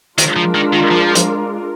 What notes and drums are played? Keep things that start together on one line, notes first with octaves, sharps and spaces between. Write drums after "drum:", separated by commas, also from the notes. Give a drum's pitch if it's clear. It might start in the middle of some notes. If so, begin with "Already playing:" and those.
D#3 G#3 D4 F4 A#4, drum: hi-hat
F3
D#3
D#3
F3
drum: hi-hat